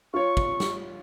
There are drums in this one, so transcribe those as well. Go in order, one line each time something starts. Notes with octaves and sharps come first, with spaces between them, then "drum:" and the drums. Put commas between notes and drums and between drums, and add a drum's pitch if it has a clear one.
F4 C#5 C#6
drum: kick
drum: snare